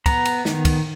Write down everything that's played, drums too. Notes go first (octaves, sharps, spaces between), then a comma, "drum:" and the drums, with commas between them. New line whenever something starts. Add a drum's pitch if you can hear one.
B3 A#5, drum: kick, cymbal
drum: cymbal
D#3, drum: snare
drum: kick, cymbal